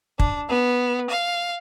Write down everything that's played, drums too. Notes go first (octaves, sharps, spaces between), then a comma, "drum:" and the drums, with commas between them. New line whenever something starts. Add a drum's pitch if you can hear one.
D4, drum: kick
B3
F5